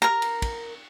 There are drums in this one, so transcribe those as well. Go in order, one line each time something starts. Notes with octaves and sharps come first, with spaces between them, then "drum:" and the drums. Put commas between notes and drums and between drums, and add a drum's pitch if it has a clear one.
A#4 A#5
drum: cymbal
drum: kick, cymbal